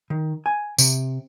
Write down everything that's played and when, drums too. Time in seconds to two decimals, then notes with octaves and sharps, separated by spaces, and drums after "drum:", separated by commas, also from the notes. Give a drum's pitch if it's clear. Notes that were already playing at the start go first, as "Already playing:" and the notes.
0.10 D#3
0.46 G#5
0.78 C3, drum: tambourine